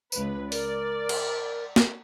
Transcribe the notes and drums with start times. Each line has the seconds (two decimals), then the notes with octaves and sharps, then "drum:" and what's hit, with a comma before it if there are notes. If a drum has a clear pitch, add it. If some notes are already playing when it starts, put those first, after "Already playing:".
0.12 C#2 B4, drum: tambourine
0.52 A#4 D5, drum: open hi-hat
1.09 drum: cymbal
1.76 drum: snare